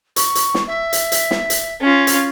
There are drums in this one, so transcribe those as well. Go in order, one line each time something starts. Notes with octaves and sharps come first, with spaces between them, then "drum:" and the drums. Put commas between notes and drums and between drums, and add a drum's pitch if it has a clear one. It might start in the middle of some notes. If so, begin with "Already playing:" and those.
C#6, drum: hi-hat
drum: hi-hat
drum: snare
E5
drum: hi-hat
drum: hi-hat
drum: snare
drum: hi-hat
C#4 F4
drum: hi-hat